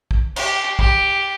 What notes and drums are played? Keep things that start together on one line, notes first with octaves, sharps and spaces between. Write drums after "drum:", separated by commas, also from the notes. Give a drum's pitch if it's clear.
drum: kick
G4, drum: cymbal
G4, drum: kick